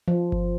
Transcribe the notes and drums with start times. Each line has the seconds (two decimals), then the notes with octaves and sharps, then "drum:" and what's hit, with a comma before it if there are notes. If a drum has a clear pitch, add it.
0.08 F3
0.32 drum: kick G1